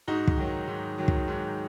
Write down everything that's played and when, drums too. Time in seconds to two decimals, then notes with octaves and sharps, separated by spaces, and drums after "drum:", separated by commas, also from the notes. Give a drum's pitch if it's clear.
0.08 G#2 D#4 F#4
0.28 drum: kick
0.37 D#3 F#3
0.68 G#2
0.98 D#3 F#3
1.08 drum: kick
1.28 G#2